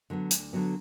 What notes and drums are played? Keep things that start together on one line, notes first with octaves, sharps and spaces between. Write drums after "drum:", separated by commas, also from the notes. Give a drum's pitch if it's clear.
D3 F#3 B3
D2, drum: hi-hat
D3 F#3 B3